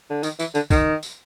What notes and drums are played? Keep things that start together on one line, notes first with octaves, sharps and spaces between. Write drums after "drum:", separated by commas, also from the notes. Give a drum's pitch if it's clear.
D3
D#3, drum: tambourine
E3, drum: tambourine
D3, drum: tambourine
D#3, drum: kick, tambourine
drum: tambourine